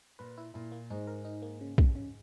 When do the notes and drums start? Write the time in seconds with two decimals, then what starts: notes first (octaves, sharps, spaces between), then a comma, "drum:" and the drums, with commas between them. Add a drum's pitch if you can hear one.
0.19 A#2 B4
0.38 E4
0.54 A#2 E4
0.72 A#3
0.90 G#2 D#4
1.07 A#4
1.25 D#4
1.42 A#3
1.61 C#3
1.78 C#3, drum: kick
1.95 C#3